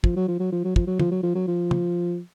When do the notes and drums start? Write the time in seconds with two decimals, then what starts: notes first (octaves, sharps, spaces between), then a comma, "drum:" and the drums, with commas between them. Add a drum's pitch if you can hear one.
0.04 F3, drum: kick
0.16 F#3
0.28 F3
0.40 F#3
0.52 F3
0.64 F#3
0.76 F3, drum: kick
0.87 F#3
1.00 F3, drum: tom
1.11 F#3
1.23 F3
1.35 F#3
1.48 F3
1.71 drum: tom